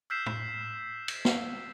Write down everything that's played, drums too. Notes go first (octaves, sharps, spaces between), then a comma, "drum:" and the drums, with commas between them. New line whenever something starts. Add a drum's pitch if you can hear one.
E6 F6 G6 B6 C7 E7
drum: tom
drum: cymbal
drum: snare